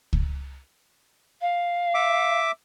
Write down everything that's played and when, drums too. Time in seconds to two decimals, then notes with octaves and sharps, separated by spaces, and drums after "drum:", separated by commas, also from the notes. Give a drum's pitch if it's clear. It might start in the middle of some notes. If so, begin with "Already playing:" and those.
0.13 drum: kick C#2
1.41 F5
1.94 E5 D6